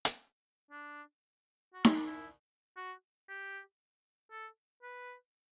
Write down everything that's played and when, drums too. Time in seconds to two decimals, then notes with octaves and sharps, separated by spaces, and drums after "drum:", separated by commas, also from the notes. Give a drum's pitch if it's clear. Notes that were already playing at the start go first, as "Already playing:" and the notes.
0.05 drum: hi-hat
0.71 D4
1.74 F#4
1.85 E4, drum: snare D#4
1.96 D4
2.06 E4
2.77 F#4
3.29 G4
4.31 A4
4.83 B4